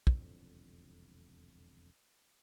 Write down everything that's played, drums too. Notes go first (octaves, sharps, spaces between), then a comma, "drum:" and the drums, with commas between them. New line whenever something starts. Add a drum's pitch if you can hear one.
E1 C2 F2 D3, drum: kick